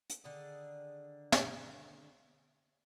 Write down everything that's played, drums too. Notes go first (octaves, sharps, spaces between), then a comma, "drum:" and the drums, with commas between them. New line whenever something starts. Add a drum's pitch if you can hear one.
drum: hi-hat
D3 D#3 D4 G#4
drum: snare